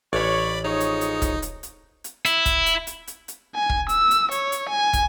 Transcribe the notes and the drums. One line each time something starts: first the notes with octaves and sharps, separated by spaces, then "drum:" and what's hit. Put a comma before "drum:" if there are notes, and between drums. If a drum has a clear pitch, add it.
A1 C#5 D5 B5
F3 D#4 G#4 C#5
drum: hi-hat
drum: hi-hat
drum: kick, hi-hat
drum: hi-hat
drum: hi-hat
drum: hi-hat
E4, drum: hi-hat
drum: kick, hi-hat
drum: hi-hat
drum: hi-hat
drum: hi-hat
drum: hi-hat
G#5
drum: kick
E6, drum: hi-hat
drum: hi-hat
C#5, drum: hi-hat
drum: hi-hat
G#5
drum: kick, hi-hat